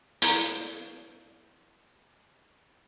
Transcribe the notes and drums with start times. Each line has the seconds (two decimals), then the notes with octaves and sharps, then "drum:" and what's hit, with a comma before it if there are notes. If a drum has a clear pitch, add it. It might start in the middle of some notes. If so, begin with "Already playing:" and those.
0.22 E4 A#5, drum: hi-hat